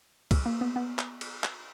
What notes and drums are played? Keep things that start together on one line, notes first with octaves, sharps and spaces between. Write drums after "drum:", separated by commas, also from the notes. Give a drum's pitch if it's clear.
drum: kick C2, cymbal
A#3
B3
B3
drum: clap
drum: cymbal
drum: clap